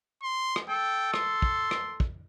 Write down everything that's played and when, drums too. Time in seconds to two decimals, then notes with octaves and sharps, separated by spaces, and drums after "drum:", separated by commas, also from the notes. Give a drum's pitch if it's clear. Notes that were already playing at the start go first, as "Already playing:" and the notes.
0.23 C6
0.56 drum: rim click
0.69 A4 G5
1.14 C6, drum: rim click
1.42 drum: kick
1.71 drum: rim click
2.00 drum: kick